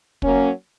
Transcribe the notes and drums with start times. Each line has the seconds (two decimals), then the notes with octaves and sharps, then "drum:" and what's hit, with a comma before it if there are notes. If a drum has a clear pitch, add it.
0.22 F#3 A#3 C#4, drum: kick